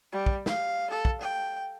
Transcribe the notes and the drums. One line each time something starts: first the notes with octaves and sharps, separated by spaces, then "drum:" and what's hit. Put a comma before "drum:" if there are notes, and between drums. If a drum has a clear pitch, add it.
G3
drum: kick
F5, drum: snare
A4
drum: kick
G5